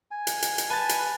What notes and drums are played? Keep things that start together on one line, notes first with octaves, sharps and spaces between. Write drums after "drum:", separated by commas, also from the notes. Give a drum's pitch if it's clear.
G#5
drum: hi-hat
drum: hi-hat
drum: hi-hat
B4 G#5 A5 A6
drum: hi-hat